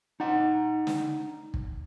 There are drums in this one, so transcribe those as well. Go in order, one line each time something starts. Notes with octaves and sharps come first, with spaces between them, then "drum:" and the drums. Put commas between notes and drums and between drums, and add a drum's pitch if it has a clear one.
D#4 F#5
drum: snare
drum: kick